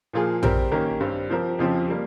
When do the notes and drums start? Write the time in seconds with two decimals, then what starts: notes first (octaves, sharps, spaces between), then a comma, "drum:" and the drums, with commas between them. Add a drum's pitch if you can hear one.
0.13 A#2 F3 A#3 F4 G#4
0.43 G3 C4 G4 A#4, drum: tom A#1
0.71 D#3 A#3 C#4 G4 A#4
1.00 G2 G3 C4
1.30 F3 C4 G4 A#4
1.59 F2 C#3 F3 C4 G4
1.89 G3 A#3